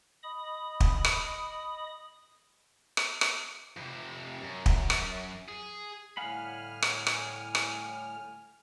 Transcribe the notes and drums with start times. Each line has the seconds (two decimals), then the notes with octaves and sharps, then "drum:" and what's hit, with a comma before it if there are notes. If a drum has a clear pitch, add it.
0.23 D#5 B5 D#6
0.80 drum: kick
1.05 drum: rim click
2.97 drum: rim click
3.21 drum: rim click
3.77 F2 C3
4.42 F#2
4.66 drum: kick
4.90 drum: rim click
5.48 G#4
6.17 A2 D3 G3 F5 F#5 G#5 B5 F6
6.82 drum: rim click
7.07 drum: rim click
7.55 drum: rim click